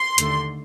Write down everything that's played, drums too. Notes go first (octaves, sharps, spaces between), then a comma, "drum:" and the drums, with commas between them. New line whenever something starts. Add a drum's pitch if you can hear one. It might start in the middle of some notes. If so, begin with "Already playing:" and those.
Already playing: C6
D#2 D3 A3, drum: hi-hat